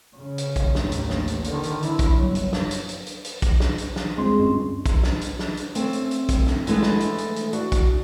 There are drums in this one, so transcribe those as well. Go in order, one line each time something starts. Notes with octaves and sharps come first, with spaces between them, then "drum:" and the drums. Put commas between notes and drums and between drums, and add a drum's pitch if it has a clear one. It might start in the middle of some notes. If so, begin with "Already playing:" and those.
C#3
drum: hi-hat
drum: kick, hi-hat
A1 D#2, drum: snare
drum: hi-hat
drum: snare
drum: hi-hat
D3 D#3, drum: hi-hat
drum: hi-hat
E4, drum: hi-hat
drum: kick, hi-hat
G1 F#3
drum: hi-hat
drum: snare
drum: hi-hat
drum: hi-hat
drum: hi-hat
drum: hi-hat
drum: kick, hi-hat
drum: snare
drum: hi-hat
drum: snare
D2 G#3 C4 F4 G#4 C6
G2 C#4
drum: kick, hi-hat
drum: snare
drum: hi-hat
drum: snare
drum: hi-hat
A3 C4 C#4, drum: hi-hat
drum: hi-hat
drum: hi-hat
drum: kick, hi-hat
drum: snare
E3 G#3 A3 B3, drum: hi-hat
drum: snare
drum: hi-hat
drum: hi-hat
drum: hi-hat
D4 F#4, drum: hi-hat
drum: kick, hi-hat